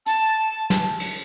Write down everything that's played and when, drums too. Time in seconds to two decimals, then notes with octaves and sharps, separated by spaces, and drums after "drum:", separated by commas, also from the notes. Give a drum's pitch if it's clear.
0.06 A5, drum: hi-hat
0.70 drum: snare
1.00 drum: cymbal